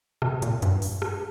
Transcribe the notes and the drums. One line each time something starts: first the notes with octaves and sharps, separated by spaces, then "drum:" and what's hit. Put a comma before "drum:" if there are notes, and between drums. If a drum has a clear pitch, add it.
C3, drum: rim click
A#2, drum: hi-hat
G2, drum: hi-hat
drum: open hi-hat
drum: rim click